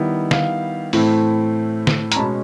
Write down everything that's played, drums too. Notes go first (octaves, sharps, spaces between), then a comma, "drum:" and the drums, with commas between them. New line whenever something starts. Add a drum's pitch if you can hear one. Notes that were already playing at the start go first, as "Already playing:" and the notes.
Already playing: D#3 G3 B3 E4
F5, drum: snare D3
A2 E3 A3 C4 E4, drum: open hi-hat
drum: snare D3
A#5, drum: hi-hat
B2 G#3 C#4 A5 B5